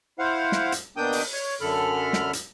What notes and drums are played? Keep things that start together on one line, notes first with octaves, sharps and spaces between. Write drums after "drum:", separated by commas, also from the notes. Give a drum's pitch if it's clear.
E4 C5 F5 F#5
drum: snare
drum: hi-hat
B2 A#3 D4 G5 D#6 G6
drum: open hi-hat
C#5
F#2 D3 A4 B5 F6
drum: snare
drum: hi-hat